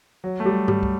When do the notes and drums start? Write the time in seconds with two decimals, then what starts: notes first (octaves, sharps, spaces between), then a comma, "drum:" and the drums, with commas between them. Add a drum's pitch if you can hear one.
0.24 F#3
0.40 A3
0.46 G3
0.68 G3, drum: tom G2
0.83 drum: kick